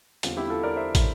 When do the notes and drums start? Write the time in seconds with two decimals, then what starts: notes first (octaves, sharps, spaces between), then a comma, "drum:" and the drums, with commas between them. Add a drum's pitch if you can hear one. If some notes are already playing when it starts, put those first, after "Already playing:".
0.23 E2 D3 G3 C4 F4, drum: hi-hat
0.37 E4 G4
0.50 F4 A4
0.63 A#4 D5
0.76 C5 E5
0.95 drum: kick, hi-hat